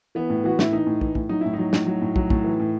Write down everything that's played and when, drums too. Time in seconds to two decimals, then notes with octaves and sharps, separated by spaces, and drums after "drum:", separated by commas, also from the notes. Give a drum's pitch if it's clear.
0.15 E3 B3
0.30 A2
0.44 E3 F#4
0.59 A2 E4, drum: snare
0.72 E3 D#4
0.86 A2
1.01 E3, drum: kick
1.15 A2, drum: kick
1.29 F#3 D#4
1.41 A2 E4
1.53 D#4
1.59 F#3
1.73 A2, drum: snare
1.87 F#3
2.02 A2
2.16 F#3, drum: kick
2.30 A2, drum: kick
2.44 E3
2.60 A2